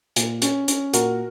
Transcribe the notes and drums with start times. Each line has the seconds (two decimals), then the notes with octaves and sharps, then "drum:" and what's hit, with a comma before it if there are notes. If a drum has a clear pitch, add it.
0.16 A#2, drum: hi-hat
0.42 C#4, drum: hi-hat
0.68 C#4, drum: hi-hat
0.93 A#2 F#4 A#4, drum: hi-hat